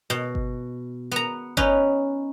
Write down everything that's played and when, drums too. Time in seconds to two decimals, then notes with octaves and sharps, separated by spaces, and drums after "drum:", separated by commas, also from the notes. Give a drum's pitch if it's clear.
0.10 B2
0.35 drum: kick G1
1.12 B3 A#5
1.57 C#4 D#4 B4, drum: kick G1